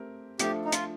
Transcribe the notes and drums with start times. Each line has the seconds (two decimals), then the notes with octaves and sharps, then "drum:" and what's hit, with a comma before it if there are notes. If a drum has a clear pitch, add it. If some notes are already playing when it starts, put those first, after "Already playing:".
Already playing: A3 C4 G4 A#4
0.39 F3 A3 D4 G4 A4, drum: hi-hat
0.65 D#4
0.72 F4, drum: hi-hat